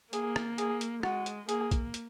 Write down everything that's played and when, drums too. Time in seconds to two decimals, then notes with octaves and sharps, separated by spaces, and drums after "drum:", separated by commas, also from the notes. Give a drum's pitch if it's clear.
0.13 A#3 G#4, drum: hi-hat
0.36 drum: rim click
0.58 G#4, drum: hi-hat
0.81 drum: hi-hat
1.03 G#3 F#4, drum: rim click
1.26 drum: hi-hat
1.49 A#3 G#4, drum: hi-hat
1.71 drum: kick, hi-hat
1.94 drum: hi-hat